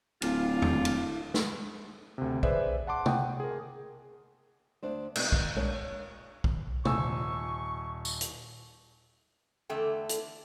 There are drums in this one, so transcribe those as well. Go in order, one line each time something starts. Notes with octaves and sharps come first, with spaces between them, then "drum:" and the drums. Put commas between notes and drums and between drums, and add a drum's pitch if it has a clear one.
D1 D4 E4 F4 F5, drum: cymbal
drum: tom E2
drum: cymbal
drum: snare
D2 C3
G#4 B4 C5 D5 E5, drum: kick B1
F#5 A5 C6 D6
F#5 G5 D#6, drum: tom
G#4 A#4
D2 D4 C5
B2 G3 A#3 D#4, drum: cymbal
drum: kick B1
G#3 A#3 D4 C#5 F5
drum: kick B1
D#1 G#5 C#6 E6, drum: tom
drum: tambourine
drum: hi-hat
E2 D3 A3 G5
drum: hi-hat